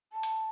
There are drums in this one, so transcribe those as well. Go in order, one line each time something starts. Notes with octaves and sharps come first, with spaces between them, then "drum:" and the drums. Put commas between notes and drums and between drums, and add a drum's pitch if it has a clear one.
A5
drum: hi-hat